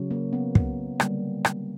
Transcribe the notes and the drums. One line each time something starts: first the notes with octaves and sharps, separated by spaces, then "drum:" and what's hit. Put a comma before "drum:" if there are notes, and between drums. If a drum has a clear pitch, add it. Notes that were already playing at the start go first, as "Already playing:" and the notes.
Already playing: C#3 F#3
A#3
B3
drum: kick
D3 G3 A#3, drum: rim click
drum: rim click